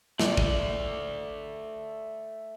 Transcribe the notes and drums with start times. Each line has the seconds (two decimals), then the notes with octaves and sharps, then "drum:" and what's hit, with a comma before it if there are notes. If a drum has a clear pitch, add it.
0.19 A3 D5, drum: snare
0.37 drum: kick